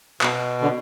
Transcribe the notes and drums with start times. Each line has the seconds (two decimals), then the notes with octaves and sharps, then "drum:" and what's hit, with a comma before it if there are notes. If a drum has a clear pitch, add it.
0.21 B2, drum: clap
0.62 D3